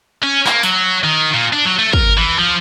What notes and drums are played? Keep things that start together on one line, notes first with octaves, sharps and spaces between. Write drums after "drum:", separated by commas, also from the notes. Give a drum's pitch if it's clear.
C#4
A#3, drum: clap
F#3, drum: hi-hat
D#3
A#2
D4
F#3
A3
A#4, drum: kick
E3
F3